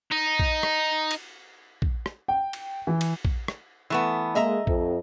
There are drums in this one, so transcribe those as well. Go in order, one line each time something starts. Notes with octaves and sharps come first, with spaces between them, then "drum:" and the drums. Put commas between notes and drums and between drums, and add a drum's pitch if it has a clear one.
D#4
drum: kick
drum: rim click
drum: cymbal
drum: kick
drum: rim click
G5
drum: cymbal
E3
drum: cymbal
drum: kick
drum: rim click
E3 A3 B3
G#3 A#3 D#5 E5 A#5
F2, drum: kick